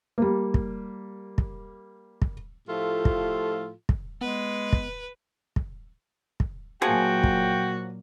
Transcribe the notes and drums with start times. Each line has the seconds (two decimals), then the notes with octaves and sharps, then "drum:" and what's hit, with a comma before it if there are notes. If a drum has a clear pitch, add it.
0.18 G3 A#3
0.54 drum: kick
1.38 drum: kick
2.22 drum: kick
2.68 A2 F3 A3 F4 G4 A4
3.05 drum: kick
3.89 drum: kick
4.21 G#3 B3 B4
4.73 drum: kick
5.56 drum: kick
6.40 drum: kick
6.82 A#2 F3 F#3 A#3 F#4 G#4 G5 G#5
7.24 drum: kick